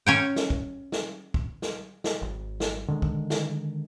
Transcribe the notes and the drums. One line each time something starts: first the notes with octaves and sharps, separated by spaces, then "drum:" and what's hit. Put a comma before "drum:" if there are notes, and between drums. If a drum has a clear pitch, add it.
C#4 C#5 G5
drum: snare
drum: kick B1
drum: snare
drum: kick B1
drum: snare
drum: snare
G#1
drum: snare
D3 D#3 G#3
drum: kick B1
drum: snare